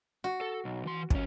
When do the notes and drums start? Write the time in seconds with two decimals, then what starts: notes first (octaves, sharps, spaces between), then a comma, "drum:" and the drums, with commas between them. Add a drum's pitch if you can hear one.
0.24 F#4
0.41 A4
0.65 B1
0.86 E3 C6
1.10 D#2 C#4, drum: kick